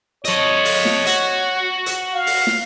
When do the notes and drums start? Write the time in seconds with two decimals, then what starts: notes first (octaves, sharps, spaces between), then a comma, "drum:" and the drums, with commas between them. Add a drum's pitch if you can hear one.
0.25 A4 C#5 D#5, drum: hi-hat
0.65 drum: open hi-hat
0.85 drum: snare
1.07 F#4, drum: hi-hat
1.86 drum: hi-hat
2.14 F5
2.27 drum: open hi-hat
2.47 drum: snare